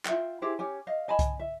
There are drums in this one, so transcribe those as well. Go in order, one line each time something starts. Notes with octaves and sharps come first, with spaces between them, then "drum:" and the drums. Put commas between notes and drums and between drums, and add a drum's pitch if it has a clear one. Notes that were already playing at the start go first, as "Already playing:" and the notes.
F4 E5 G5, drum: clap
E4 G4 G#4 C5
C#4 G4 G#5
D#5 F5
D#5 G#5 A5 B5
drum: kick C2, hi-hat
E5